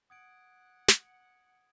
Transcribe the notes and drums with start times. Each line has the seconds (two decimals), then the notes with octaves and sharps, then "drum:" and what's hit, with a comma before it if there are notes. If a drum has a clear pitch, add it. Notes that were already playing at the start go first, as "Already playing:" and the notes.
0.10 F#5 D#6 G#6 D7
0.89 drum: snare